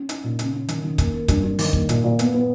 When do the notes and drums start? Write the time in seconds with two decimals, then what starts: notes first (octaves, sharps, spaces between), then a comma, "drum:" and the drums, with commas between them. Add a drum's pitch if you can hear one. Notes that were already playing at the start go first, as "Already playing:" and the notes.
Already playing: C#4
0.09 D#4, drum: hi-hat
0.24 A#2
0.39 C#3, drum: hi-hat
0.54 C#4
0.68 D#3, drum: hi-hat
0.84 D#3
0.98 A#3, drum: kick, hi-hat
1.14 A#3
1.28 G2, drum: kick, hi-hat
1.44 G2
1.59 D#3, drum: open hi-hat
1.73 A#3, drum: kick
1.89 A#2, drum: hi-hat
2.04 A#2
2.19 B3, drum: hi-hat
2.34 B3